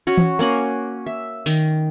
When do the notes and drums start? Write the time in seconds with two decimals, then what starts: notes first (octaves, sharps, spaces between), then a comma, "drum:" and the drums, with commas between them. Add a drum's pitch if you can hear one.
0.07 C#4 F#4 C#5
0.18 drum: tom E3
0.39 A#3 C#4 F#5 G#5
1.06 E5
1.46 D#3, drum: open hi-hat